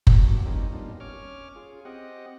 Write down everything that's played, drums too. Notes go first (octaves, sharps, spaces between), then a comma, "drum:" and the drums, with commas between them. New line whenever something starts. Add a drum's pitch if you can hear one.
A#3 B3 D4 F#4 G4, drum: kick F#1
F3 G3 A#3 C4 C#4 D#4
G3 A#3 B3 D4 D#4 F4
C#4 C#5 D6 F6
F4 G#4
C4 G4 D#5 F#5